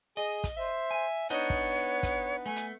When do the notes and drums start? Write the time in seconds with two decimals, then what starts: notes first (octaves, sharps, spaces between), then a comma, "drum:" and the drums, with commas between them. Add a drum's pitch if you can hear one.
0.17 G#4 D#5
0.44 drum: kick, hi-hat
0.57 C5 E5
0.91 G#5
1.30 B3 D4 D#4 C#5 D#5
1.50 drum: kick
2.03 drum: kick, hi-hat
2.46 A3 G#5
2.56 drum: hi-hat